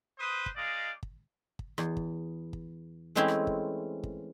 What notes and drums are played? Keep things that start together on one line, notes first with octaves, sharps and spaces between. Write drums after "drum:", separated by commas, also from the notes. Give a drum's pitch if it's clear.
B4 C5 D#6
drum: kick
G#3 D#4 D5 D#5 F5
drum: kick
drum: kick
E2, drum: rim click
drum: kick
drum: kick
E3 G#3 A3 C4 C#4 E4
drum: rim click
drum: kick
drum: kick